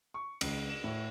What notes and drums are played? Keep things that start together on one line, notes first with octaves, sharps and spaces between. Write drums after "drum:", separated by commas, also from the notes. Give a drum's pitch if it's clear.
C#6
C#2, drum: cymbal
E7
A2